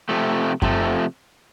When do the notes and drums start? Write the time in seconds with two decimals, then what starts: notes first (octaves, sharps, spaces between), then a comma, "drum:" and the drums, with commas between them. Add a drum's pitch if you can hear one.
0.09 C3 F3 A3
0.62 C3 F3 A3, drum: kick F#2